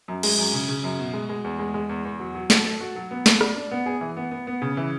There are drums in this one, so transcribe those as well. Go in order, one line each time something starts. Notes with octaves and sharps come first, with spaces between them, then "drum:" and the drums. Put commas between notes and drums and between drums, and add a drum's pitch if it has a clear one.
F#2
G#3, drum: cymbal
F#2
C#3
C#3
F#2
B2
G#3
G#3
E2
G#3
G#3
E2
E2
F#3
F#3
A4, drum: snare
A4
F#4
F#3
B3
A4, drum: snare
D4, drum: rim click
D4
B3
G#4
E3
B3
B3
B3
C#3
E3